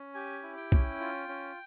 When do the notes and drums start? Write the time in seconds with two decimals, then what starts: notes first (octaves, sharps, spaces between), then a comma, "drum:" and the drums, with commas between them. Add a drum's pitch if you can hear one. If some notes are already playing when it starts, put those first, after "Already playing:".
Already playing: C#4
0.14 G4 G#5
0.43 E4
0.57 G5
0.72 C#4, drum: kick
1.00 F4
1.29 C#4